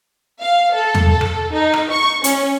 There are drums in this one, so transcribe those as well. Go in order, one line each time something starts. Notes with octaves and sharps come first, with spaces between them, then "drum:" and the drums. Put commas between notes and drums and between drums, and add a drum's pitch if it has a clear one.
F5
A4
drum: tom
A4
drum: rim click
D#4
drum: rim click
C#6
C#4, drum: hi-hat